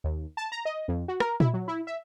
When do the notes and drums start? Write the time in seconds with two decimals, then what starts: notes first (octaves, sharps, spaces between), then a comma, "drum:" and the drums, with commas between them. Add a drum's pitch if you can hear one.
0.04 D#2
0.37 A5
0.52 A#5
0.65 D#5
0.88 F2
1.08 F#4
1.20 A#4, drum: rim click
1.40 E4, drum: tom A#2
1.54 F#3
1.68 E4
1.87 E5